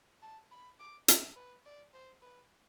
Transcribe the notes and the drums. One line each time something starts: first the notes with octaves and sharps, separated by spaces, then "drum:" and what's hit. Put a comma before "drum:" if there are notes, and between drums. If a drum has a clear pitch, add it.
A5
B5
D6
E5, drum: hi-hat
B4
D5
C5
B4